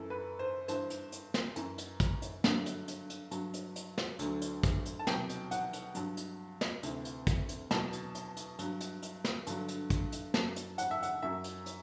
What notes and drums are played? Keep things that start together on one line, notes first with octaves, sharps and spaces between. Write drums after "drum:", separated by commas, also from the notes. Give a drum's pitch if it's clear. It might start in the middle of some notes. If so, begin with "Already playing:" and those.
Already playing: F#2 E3 A4
B4
C5
G2 E3 C5, drum: hi-hat
drum: hi-hat
drum: hi-hat
drum: snare
F#2 E3, drum: hi-hat
drum: hi-hat
drum: kick, hi-hat
drum: hi-hat
G2 D3 F#3, drum: snare
drum: hi-hat
drum: hi-hat
drum: hi-hat
G2 F#3, drum: hi-hat
drum: hi-hat
drum: hi-hat
drum: snare
D2 D3 F#3, drum: hi-hat
drum: hi-hat
drum: kick, hi-hat
drum: hi-hat
A5
C2 B2 F#3 G5, drum: snare
drum: hi-hat
F#5, drum: hi-hat
drum: hi-hat
G2 F#3, drum: hi-hat
drum: hi-hat
drum: snare
D2 C3 E3, drum: hi-hat
drum: hi-hat
drum: kick, hi-hat
drum: hi-hat
E2 B2 F#3 A5, drum: snare
drum: hi-hat
drum: hi-hat
drum: hi-hat
G2 F#3, drum: hi-hat
drum: hi-hat
drum: hi-hat
drum: snare
G2 D3 F#3, drum: hi-hat
drum: hi-hat
drum: kick, hi-hat
drum: hi-hat
F#2 F#3 A5, drum: snare
drum: hi-hat
F#5, drum: hi-hat
E5
F#5, drum: hi-hat
F#2 F#3 E5
drum: hi-hat
drum: hi-hat